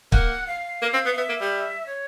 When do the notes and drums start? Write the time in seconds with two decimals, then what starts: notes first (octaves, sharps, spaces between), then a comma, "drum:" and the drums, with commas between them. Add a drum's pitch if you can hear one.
0.12 A#3 F#5, drum: kick
0.47 F5
0.82 A#3
0.94 C4
1.06 B3
1.12 F5
1.17 B3 E5
1.29 A#3
1.41 G3
1.87 C#5